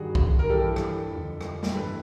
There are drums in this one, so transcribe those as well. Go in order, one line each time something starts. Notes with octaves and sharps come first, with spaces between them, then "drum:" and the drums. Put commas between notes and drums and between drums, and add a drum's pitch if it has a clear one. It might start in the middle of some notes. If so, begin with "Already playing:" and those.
Already playing: G2 D#3 F#4 G#4
drum: kick B1
A#4
G2 E3 G4 A4
drum: rim click
F2 D3
drum: rim click
drum: snare
G2 E3 A4 B4